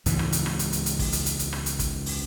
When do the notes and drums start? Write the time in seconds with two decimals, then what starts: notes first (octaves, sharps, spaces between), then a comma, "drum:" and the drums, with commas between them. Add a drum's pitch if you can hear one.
0.06 C#2 G#2 E3, drum: hi-hat
0.19 drum: rim click
0.32 drum: hi-hat
0.46 drum: rim click
0.59 drum: hi-hat
0.73 drum: hi-hat
0.86 drum: hi-hat
0.99 drum: kick, open hi-hat
1.13 drum: hi-hat
1.26 drum: hi-hat
1.39 drum: hi-hat
1.53 drum: rim click
1.66 drum: hi-hat
1.79 drum: kick, hi-hat
2.06 drum: open hi-hat